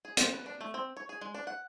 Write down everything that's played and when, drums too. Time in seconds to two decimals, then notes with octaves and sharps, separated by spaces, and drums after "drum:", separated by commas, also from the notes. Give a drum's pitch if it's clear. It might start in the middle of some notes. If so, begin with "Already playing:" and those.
0.05 G#4
0.17 C5, drum: hi-hat
0.33 B4
0.46 D4
0.61 A3
0.74 C4
0.97 C#5
1.09 G#4
1.21 G#3
1.35 D4
1.47 F#5